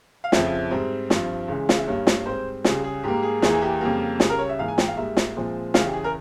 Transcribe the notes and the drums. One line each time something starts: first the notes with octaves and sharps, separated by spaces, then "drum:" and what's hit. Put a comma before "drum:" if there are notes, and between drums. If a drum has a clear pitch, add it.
F5
F2 C#3 F3 E5, drum: snare
G#2 G3 C4
G2 F3 C4, drum: snare
C#2 C#3 E3 G#3
F5, drum: snare
E5
G2 G3 A#3 C#5
drum: snare
G#2 G3 C4 C5
C#2 C#3 G3 G#4, drum: snare
G#4
G#2 G3 A#3 G4
G#4
E2 E3 A#3 G#4, drum: snare
G4
F2 C#3 G3 A#3
C#2 C#3 G3 G#4, drum: snare
A#4
C#5
E5
G#2 E3 A#3 F5
G#5
G5, drum: snare
F5
G#2 G3 A#3 E5
drum: snare
A#2 F3 G#3 C4
E2 C#3 E3 F5, drum: snare
G4
G#4
A#4